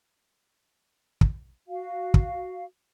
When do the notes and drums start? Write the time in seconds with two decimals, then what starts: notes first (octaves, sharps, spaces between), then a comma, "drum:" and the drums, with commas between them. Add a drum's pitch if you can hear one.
1.21 drum: kick
1.68 F#4 F5
2.14 drum: kick